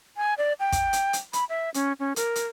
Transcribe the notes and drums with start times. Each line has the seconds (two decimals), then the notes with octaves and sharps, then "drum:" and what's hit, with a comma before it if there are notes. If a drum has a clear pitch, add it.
0.17 G#5
0.38 D5
0.60 G5
0.72 drum: kick, hi-hat
0.93 drum: hi-hat
1.13 drum: hi-hat
1.33 B5, drum: hi-hat
1.49 E5
1.74 C#4, drum: hi-hat
1.99 C#4
2.16 A#4, drum: hi-hat
2.35 drum: hi-hat